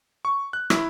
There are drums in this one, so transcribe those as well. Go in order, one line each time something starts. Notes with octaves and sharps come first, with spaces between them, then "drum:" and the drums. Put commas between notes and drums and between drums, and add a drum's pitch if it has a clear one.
C#6
F#6
E4, drum: rim click